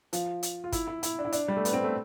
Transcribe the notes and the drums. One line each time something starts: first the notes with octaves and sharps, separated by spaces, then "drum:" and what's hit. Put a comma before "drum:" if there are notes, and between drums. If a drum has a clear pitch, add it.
F3, drum: hi-hat
drum: hi-hat
F4
E4, drum: kick, hi-hat
E4
E4, drum: hi-hat
D4
E4
D4, drum: hi-hat
G3
A3
B3, drum: hi-hat
C4
A3